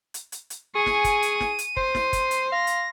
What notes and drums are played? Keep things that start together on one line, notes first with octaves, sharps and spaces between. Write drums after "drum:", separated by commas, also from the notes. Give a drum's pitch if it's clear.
drum: hi-hat
drum: hi-hat
drum: hi-hat
G#4 G#5 C#6 D#7
drum: snare
drum: kick, hi-hat
drum: hi-hat
drum: snare
drum: hi-hat
C5 C6, drum: kick
drum: snare
drum: kick, hi-hat
drum: hi-hat
F5 A#6
drum: hi-hat